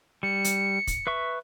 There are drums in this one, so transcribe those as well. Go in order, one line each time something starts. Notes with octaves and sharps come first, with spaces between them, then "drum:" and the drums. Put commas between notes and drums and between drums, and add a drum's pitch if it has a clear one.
G3 C#7
drum: hi-hat
drum: kick, hi-hat
B4 E5 C#6